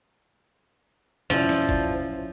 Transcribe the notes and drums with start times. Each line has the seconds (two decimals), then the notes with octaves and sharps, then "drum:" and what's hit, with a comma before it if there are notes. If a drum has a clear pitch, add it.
1.30 F3 C#4 E4 D5, drum: tom F2
1.49 drum: snare
1.69 drum: kick